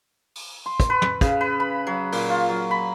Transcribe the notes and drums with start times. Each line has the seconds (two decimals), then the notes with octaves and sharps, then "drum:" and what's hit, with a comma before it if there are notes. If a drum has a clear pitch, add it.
0.35 drum: open hi-hat
0.66 C6
0.80 drum: kick, hi-hat
0.90 B4
1.02 drum: tom
1.21 C#3, drum: kick, hi-hat
1.41 B4
1.60 B5
1.87 F#3
2.12 A#2, drum: open hi-hat
2.30 F4
2.49 F#3
2.71 B5